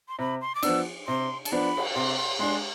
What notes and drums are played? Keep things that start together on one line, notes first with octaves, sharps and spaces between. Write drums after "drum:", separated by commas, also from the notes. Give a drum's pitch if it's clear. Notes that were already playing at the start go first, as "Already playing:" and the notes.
C6
C3 B5
C6
D6
F3 B3 D4 E6, drum: cymbal
C3 C6
A5, drum: cymbal
F3 B3 D4 B5
drum: cymbal
C3 C6
C6
G#3 D4 C6